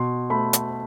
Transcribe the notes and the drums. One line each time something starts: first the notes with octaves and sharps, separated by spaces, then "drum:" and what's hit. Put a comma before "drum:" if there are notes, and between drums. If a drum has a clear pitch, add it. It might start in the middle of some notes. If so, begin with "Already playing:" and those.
Already playing: B2 C6
A3 B5
drum: hi-hat